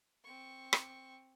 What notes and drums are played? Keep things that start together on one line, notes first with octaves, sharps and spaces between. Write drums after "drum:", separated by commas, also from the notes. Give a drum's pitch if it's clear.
C4 C#6
drum: rim click